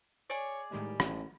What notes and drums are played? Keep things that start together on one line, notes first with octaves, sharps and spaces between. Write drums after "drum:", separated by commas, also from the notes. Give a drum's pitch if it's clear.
G#4 C#5 D5
A2 D#3 G3 G#3
A1, drum: rim click